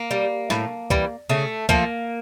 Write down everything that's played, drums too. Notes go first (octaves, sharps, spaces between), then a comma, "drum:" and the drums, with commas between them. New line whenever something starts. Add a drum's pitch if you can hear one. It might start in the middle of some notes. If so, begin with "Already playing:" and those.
Already playing: A#3
G3
A2, drum: snare
E3 G3, drum: kick C#2
C#3 A3
F3 A3 A#3, drum: kick C#2